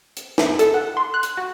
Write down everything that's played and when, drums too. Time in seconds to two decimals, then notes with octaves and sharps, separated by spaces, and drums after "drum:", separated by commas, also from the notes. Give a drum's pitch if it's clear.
0.17 drum: hi-hat
0.38 drum: snare
0.59 A4, drum: hi-hat
0.74 F#5
0.97 C6
1.14 F#6
1.23 drum: hi-hat
1.37 F#4